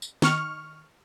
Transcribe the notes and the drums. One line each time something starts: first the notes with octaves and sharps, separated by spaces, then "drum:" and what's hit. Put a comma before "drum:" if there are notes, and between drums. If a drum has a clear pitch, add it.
drum: tambourine
D#3 C#6 F6, drum: snare